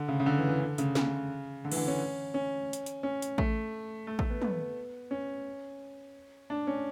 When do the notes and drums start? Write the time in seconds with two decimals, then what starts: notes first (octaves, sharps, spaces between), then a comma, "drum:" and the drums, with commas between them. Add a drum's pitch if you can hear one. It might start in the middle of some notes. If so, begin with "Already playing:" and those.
Already playing: D3
0.08 C#3
0.20 C#3
0.26 D3
0.38 E3
0.49 E3
0.61 D3
0.78 C#3, drum: hi-hat
0.95 C#3, drum: snare
1.65 D3
1.72 E3, drum: cymbal
1.77 D3
1.88 C#4
2.34 C#4
2.73 drum: hi-hat
2.86 drum: hi-hat
3.03 C#4
3.22 drum: hi-hat
3.38 A3, drum: kick
4.07 A3
4.19 A3, drum: kick
4.30 B3
4.42 B3, drum: tom
5.11 C#4
6.50 D4
6.67 C#4